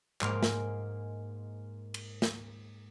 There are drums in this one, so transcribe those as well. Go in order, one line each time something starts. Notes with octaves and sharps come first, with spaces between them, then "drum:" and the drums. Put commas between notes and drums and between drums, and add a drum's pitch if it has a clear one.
G#2 G#3 A#3 C6 F6 D7, drum: clap
drum: snare
drum: cymbal
drum: snare